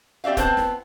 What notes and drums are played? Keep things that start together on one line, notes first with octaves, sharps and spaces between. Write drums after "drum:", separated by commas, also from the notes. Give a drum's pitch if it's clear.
C4 G4 D5 E5 F5
B3 C4 C5 A5, drum: kick, hi-hat
drum: snare